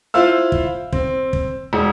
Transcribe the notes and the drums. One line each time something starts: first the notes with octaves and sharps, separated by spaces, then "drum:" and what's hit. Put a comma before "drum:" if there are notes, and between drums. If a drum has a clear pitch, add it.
E4 F4 C5 F5 E6
drum: kick
C4, drum: kick
drum: kick
E1